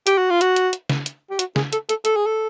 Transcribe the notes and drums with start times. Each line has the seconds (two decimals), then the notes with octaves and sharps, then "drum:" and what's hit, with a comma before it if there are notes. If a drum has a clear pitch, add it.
0.07 G4, drum: hi-hat
0.18 F#4
0.30 F4
0.41 F#4, drum: hi-hat
0.56 drum: hi-hat
0.73 drum: hi-hat
0.90 drum: snare
1.06 drum: hi-hat
1.30 G4
1.39 F#4, drum: hi-hat
1.56 G#4, drum: snare
1.73 A4, drum: hi-hat
1.89 A4, drum: hi-hat
2.05 A4, drum: hi-hat
2.16 G#4
2.26 A4